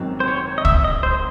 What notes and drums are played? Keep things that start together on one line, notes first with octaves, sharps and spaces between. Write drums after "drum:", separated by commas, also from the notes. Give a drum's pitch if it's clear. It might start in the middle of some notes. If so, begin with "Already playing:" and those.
Already playing: G#1 F#2 D#3 F#3 C4
C5
C#5
D#5
E5, drum: kick
D#5
C5